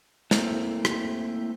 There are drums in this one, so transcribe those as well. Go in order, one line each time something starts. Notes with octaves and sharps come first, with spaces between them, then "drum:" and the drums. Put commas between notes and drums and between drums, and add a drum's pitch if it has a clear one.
A3 A#3 C4 E4, drum: snare
drum: rim click